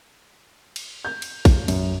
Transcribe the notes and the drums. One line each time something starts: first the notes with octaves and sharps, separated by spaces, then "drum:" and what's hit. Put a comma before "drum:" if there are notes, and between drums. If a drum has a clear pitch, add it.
drum: cymbal
G6
drum: cymbal
drum: kick, cymbal
F#2, drum: cymbal